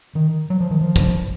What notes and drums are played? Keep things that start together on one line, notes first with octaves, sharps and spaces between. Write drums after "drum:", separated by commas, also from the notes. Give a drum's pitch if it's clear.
D#3
F#3
F3
D#3
F3
drum: kick